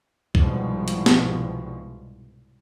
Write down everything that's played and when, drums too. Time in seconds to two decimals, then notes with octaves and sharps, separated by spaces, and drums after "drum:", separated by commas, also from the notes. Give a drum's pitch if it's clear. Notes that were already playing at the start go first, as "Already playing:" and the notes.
0.35 C2 G#2 B2 F3 G3, drum: kick C2
0.88 drum: hi-hat
1.06 drum: snare